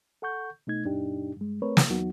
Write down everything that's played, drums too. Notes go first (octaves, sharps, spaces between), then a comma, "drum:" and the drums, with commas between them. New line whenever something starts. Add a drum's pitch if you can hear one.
A4 F#5 C#6 G6
B2 A3 D#4 G#6
F#2 A#2 D4 D#4 G4
G2 G#3
A3 C4 A#4 B4 C#5
drum: snare
E2 F#3 B3 D#4 F#4